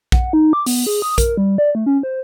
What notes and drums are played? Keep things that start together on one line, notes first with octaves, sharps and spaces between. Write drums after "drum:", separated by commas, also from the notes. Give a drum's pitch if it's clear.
F#5, drum: kick A#1
D#4
D6
B3, drum: open hi-hat
G#4
D#6
A#4, drum: kick A#1, hi-hat
G3
D5
A3
C#4
C5